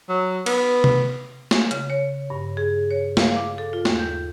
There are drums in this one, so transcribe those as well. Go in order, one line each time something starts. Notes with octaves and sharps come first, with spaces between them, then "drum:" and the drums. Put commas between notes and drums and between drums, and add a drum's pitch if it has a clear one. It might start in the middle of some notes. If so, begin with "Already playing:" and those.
F#3
B3, drum: cymbal
drum: tom C3
drum: snare
C#3, drum: hi-hat
C#5
G2
G#4
C#5
F5, drum: snare
D6
A4
F4
D#2, drum: snare
G6